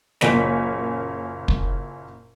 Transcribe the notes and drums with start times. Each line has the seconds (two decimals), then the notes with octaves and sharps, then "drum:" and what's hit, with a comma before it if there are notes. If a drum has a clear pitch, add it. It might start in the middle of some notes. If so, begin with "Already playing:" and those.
0.21 F#1 A#2 C#3 C#4 C#5 B6, drum: snare
1.48 drum: kick